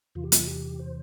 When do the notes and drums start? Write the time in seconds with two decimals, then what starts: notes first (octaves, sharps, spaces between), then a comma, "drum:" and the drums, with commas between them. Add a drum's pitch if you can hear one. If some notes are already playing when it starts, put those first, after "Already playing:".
0.15 E2 C3 E3 F4
0.24 G4
0.32 F4, drum: hi-hat
0.47 G4
0.79 C5